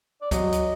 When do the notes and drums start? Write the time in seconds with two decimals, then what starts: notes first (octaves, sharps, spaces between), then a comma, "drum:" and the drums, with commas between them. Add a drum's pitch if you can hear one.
0.21 D5
0.31 F#3 D#5, drum: kick C#2, hi-hat
0.52 drum: hi-hat